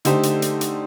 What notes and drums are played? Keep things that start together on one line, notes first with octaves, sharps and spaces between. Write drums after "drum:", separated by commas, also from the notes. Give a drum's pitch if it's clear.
D3 A3 D#4 G4 C5, drum: hi-hat
drum: hi-hat
drum: hi-hat
drum: hi-hat